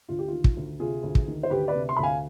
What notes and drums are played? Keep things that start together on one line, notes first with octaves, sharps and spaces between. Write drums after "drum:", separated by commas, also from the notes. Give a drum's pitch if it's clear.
D2 F4
G4
D#3 F4
drum: kick
D2
C3 F4 G#4
D2
drum: kick
D#3
C5
D2 G4 B4
B4 D5
C3
C6
D2 B5
F5 G#5